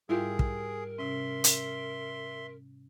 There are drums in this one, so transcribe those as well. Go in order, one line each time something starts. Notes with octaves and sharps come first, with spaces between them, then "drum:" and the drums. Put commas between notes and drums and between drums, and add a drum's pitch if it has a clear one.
G#2 G3 E4 F4 G4 G#4 A#4
drum: kick
C3 C#4 E5 C6
drum: hi-hat